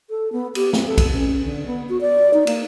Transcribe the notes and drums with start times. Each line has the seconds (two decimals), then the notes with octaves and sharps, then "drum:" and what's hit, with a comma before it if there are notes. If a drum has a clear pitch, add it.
0.10 A4
0.32 B3
0.55 G4, drum: cymbal
0.73 C4, drum: snare
0.87 A4
0.98 drum: kick A#1, cymbal
1.13 C#4
1.45 D3
1.67 B3
1.89 F#4
2.01 D5
2.34 D#4
2.47 A#3, drum: cymbal